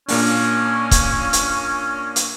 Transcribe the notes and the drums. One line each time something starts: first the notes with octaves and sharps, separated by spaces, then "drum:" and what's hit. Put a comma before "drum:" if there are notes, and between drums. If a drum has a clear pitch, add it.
A#2 A#3 C#4 D4, drum: open hi-hat
drum: kick, hi-hat
drum: hi-hat
drum: hi-hat